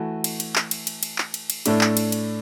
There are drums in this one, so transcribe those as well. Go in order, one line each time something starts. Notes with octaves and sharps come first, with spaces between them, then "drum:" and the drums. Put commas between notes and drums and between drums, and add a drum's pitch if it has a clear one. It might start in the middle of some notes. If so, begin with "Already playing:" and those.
Already playing: E3 A3 F#4
drum: cymbal
drum: cymbal
drum: clap
drum: cymbal
drum: cymbal
drum: cymbal
drum: clap
drum: cymbal
drum: cymbal
A2 A3 D4, drum: cymbal
drum: clap
drum: cymbal
drum: cymbal